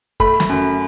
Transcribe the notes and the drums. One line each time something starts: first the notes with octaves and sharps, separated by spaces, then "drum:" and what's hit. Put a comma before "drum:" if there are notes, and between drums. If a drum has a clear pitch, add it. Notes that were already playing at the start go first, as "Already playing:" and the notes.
A3 B5, drum: kick
drum: snare
F#2